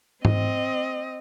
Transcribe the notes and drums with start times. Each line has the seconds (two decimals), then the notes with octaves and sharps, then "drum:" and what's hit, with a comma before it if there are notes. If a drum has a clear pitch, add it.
0.25 C4 D#5, drum: tom G#2